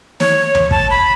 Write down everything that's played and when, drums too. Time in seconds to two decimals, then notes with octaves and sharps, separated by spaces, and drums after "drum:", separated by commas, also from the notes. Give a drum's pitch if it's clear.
0.20 C#5, drum: snare
0.55 drum: tom D2
0.71 A5, drum: kick
0.90 B5